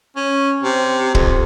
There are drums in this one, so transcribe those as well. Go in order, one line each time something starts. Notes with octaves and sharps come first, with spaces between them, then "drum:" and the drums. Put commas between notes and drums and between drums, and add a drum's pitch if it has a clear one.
C#4
C3
F2, drum: kick